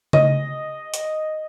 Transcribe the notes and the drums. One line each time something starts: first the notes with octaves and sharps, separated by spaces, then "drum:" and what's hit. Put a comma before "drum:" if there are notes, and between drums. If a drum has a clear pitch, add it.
D#5, drum: tom C#3
drum: hi-hat